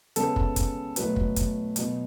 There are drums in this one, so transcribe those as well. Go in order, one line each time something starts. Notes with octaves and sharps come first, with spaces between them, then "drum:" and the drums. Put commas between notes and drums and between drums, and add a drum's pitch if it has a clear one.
C#3 G#3 B3 A4, drum: hi-hat
drum: kick
drum: kick, hi-hat
B2 F#3 A3 B4, drum: hi-hat
drum: kick
drum: kick, hi-hat
B2 F#3 B3, drum: hi-hat